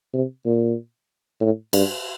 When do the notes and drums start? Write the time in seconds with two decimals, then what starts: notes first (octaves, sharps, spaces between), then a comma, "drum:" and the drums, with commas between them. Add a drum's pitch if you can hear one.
0.14 C3
0.45 A#2
1.41 A2
1.73 G2, drum: cymbal